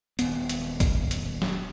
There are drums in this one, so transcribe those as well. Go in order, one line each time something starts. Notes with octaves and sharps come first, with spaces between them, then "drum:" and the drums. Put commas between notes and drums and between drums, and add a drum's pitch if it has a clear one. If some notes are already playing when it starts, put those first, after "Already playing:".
D#1 B3, drum: hi-hat
drum: hi-hat
drum: kick, hi-hat
drum: hi-hat
drum: snare F#3